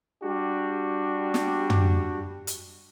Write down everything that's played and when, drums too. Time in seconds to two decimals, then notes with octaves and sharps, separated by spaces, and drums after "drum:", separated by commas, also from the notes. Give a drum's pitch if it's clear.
0.23 G3 D4 F#4 G4
1.34 drum: snare
1.70 drum: tom
2.47 drum: hi-hat